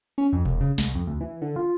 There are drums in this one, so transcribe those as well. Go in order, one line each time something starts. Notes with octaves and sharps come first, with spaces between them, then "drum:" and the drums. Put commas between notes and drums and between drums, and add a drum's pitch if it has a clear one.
C#4
F2
E1, drum: tom B2
C#3
C2, drum: snare
F2
D2
E3
D3
F4